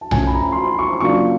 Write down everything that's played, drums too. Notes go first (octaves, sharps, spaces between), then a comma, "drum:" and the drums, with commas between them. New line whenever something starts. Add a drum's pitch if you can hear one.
A5
F3 A3 C#4 F4 G#5, drum: tom B1
B5
A#5
C6
B5
C#6
C#3 F#3 A#3 D4 F4 C#6